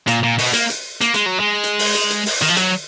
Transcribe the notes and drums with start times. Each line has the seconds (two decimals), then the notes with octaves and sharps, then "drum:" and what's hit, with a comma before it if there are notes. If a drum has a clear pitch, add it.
0.07 A#2, drum: hi-hat
0.23 A#2
0.38 B2, drum: open hi-hat
0.53 A#3, drum: hi-hat
0.70 drum: hi-hat
1.01 A#3, drum: hi-hat
1.14 G#3, drum: hi-hat
1.26 F#3
1.40 G#3
1.63 drum: hi-hat
1.79 drum: open hi-hat
1.95 drum: hi-hat
2.10 drum: hi-hat
2.26 drum: open hi-hat
2.42 D#3, drum: hi-hat
2.49 F3
2.57 F#3, drum: hi-hat